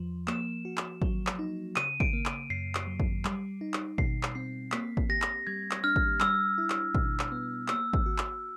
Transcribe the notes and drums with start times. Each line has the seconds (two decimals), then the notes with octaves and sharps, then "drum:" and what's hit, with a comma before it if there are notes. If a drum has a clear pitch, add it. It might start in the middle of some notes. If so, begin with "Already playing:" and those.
Already playing: E2 F3
0.28 A#3 E7, drum: clap
0.65 F#4
0.77 drum: clap
1.02 F#3, drum: kick
1.27 drum: clap
1.39 D#4
1.76 C#3 D#7, drum: clap
2.00 D7, drum: kick
2.13 A#3
2.26 drum: clap
2.50 F#2 C7
2.75 drum: clap
2.87 F#3
3.00 drum: kick
3.25 G3, drum: clap
3.61 D#4
3.74 drum: clap
3.98 B2 C7, drum: kick
4.23 drum: clap
4.35 C4 C7
4.72 A#3 B6, drum: clap
4.97 drum: kick
5.09 G4 A#6
5.22 drum: clap
5.47 G3 G#6
5.71 drum: clap
5.84 D4 F6
5.96 drum: kick
6.20 G3 E6, drum: clap
6.58 E4
6.70 drum: clap
6.95 B2, drum: kick
7.19 drum: clap
7.32 B3
7.68 A#3 E6, drum: clap
7.93 drum: kick
8.06 F#4
8.18 drum: clap